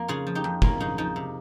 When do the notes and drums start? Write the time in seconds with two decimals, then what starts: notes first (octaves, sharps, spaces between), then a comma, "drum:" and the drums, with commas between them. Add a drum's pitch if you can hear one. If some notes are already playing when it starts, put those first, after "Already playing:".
Already playing: F2 A#3
0.08 C#3 F4 G#4
0.27 F3
0.35 D#4 G4
0.44 F2
0.62 A#3 C#4 F4, drum: kick
0.80 C#3 D#4
0.98 F3 D#4
1.16 C3